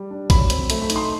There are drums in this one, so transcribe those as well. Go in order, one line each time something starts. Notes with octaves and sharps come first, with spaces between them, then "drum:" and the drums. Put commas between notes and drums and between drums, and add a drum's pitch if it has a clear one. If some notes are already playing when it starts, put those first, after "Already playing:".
Already playing: G3
D4
F#3 B5, drum: kick, hi-hat
C4, drum: hi-hat
A3, drum: hi-hat
B5
D#4, drum: hi-hat
C6